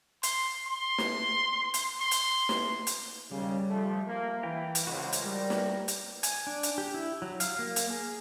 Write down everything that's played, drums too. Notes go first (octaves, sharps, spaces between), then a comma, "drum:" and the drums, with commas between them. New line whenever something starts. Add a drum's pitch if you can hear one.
C6, drum: hi-hat
C6
drum: snare
drum: hi-hat
C6
drum: hi-hat
drum: snare
drum: hi-hat
D#2 C#3 G3
F3 A3
A#3
E3 B4 G5 A#5
drum: hi-hat
C#2 F#4 C5
drum: hi-hat
G3 A#4
drum: snare
drum: hi-hat
G#5, drum: hi-hat
D4
drum: hi-hat
G4
E4
F#3
F5, drum: hi-hat
A#3
drum: hi-hat
G#4